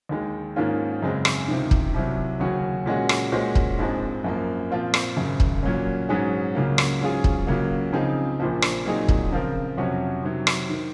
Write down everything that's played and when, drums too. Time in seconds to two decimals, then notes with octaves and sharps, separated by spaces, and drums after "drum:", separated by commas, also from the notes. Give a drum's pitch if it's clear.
0.09 D#2 D#3 G#3
0.56 G#2 D#3 A#3 C#4 F4
1.02 F#2 C#3 G#3 C4
1.25 drum: rim click
1.48 C#2 C3 D#3
1.71 drum: kick
1.94 C2 C3 F#3
2.40 D#2 C#3 F#3 C#4 F#4
2.86 A#2 G#3 C#4 F#4
3.09 drum: rim click
3.32 A#2 G#3 C#4 F#4 C5
3.55 drum: kick
3.78 A#1 G#2 F3 G#3 C4
4.24 F#2 F3 A#3
4.71 A#2 F3 C4 F4 C5
4.94 drum: rim click
5.16 G#1 F#2 C#3
5.40 drum: kick
5.63 A#2 F#3 A#3 C#4
6.09 G#2 F#3 C#4 G#4
6.55 C#2 C#3 F#3 A#3
6.78 drum: rim click
7.01 G#2 F#3 C#4 F4 G#4
7.24 drum: kick
7.47 C#2 C#3 F#3 A#3
7.93 C#3 F3 C4 D#4 G#4
8.40 A#1 A#2 F3
8.62 drum: rim click
8.85 A#2 F#3 C4 D#4 G#4
9.08 drum: kick
9.32 C#3 F3 C4 F4 A#4
9.77 F2 C3 F#3 C#4 F#4
10.23 C3 D#3 F#3
10.47 drum: rim click
10.70 D#3